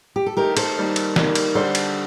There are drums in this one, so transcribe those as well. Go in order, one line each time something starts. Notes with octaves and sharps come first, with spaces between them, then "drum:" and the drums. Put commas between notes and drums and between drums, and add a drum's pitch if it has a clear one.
G4
A4
D#3 A3 D#4 G4 A#4
A4 C5, drum: cymbal
D#3 G3 A#3 D#4
drum: cymbal
D#3 G3 A#3 D#4, drum: snare
drum: cymbal
D3 G3 D4 A4 C5
drum: cymbal